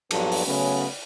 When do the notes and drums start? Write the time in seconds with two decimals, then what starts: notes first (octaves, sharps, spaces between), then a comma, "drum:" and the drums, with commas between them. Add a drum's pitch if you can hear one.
0.11 A#1 G2 F3 F#3 B3 A4, drum: cymbal
0.32 drum: open hi-hat
0.46 C#3 F#3 A3 B3 C#4